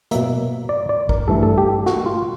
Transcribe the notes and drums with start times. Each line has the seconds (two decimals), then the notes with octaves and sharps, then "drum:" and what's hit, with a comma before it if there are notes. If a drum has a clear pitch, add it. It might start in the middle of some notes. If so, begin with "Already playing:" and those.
0.11 B2 F#3 A#3 E5, drum: hi-hat
0.69 D5
0.89 D5
1.09 A#4, drum: kick
1.28 G2 E3 A3 A4
1.43 A4
1.58 G4
1.86 F#4, drum: snare
2.06 F4